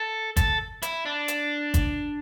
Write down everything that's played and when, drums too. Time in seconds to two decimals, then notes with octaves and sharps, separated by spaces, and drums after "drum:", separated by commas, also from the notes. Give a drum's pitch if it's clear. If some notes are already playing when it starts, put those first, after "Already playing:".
Already playing: A4
0.37 A4, drum: kick G1, hi-hat
0.82 E4, drum: hi-hat
1.06 D4
1.28 drum: hi-hat
1.74 drum: kick G1, hi-hat